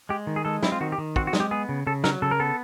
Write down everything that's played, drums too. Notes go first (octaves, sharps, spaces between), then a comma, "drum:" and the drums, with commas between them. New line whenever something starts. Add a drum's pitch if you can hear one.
G#3 G4
D#3
G#4
G#3 A4
C4 E4, drum: snare
F4
D#3 F#4
G4
D#3
C4 F#4, drum: kick
F#4
G#3, drum: snare
G4
B3 G#4
C#3
C#3 A4
F#3 A#4, drum: snare
C#3 A4
A#4
B3 A4